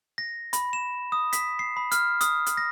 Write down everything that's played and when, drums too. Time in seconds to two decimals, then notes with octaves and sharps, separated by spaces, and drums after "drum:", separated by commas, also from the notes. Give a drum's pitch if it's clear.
0.18 A#6
0.53 B5, drum: hi-hat
0.73 E7
1.12 D#6
1.33 B6, drum: hi-hat
1.59 C7
1.77 B5
1.92 F6, drum: hi-hat
2.21 D#6, drum: hi-hat
2.46 drum: hi-hat
2.57 A#6